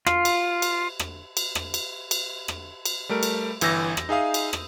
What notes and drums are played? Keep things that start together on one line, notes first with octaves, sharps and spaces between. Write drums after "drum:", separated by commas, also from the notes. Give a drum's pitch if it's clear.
F4, drum: rim click
drum: cymbal
drum: cymbal
drum: rim click
drum: cymbal
drum: rim click
drum: cymbal
drum: cymbal
drum: rim click
drum: cymbal
G3 A3 A#4 D7
drum: cymbal
G1 E3 E6 G6 A#6, drum: cymbal
drum: rim click
D#4 G#4 E5 F5 D#6
drum: cymbal
drum: rim click